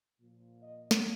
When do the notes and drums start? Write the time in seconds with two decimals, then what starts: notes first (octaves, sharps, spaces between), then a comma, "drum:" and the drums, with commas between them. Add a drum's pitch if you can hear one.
0.20 A#2 F3
0.62 D#5
0.91 drum: snare